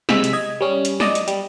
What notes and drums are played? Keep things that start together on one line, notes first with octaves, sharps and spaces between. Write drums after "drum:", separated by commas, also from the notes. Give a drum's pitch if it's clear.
C3 G#3 E6 B6, drum: snare
drum: hi-hat
D#5 G#6
G3 C#4
drum: hi-hat
D5 D#5 D#6, drum: snare
drum: hi-hat
G3, drum: hi-hat